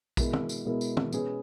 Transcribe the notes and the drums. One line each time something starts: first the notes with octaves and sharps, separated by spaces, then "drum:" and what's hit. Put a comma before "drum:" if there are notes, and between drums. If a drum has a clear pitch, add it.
B2 G#3 B3 E4 A#4, drum: kick, tambourine
drum: tom
drum: tambourine
B2 G#3 B3 E4 A#4
drum: tambourine
drum: tom
B2 G#3 C#4 G#4 B4, drum: tambourine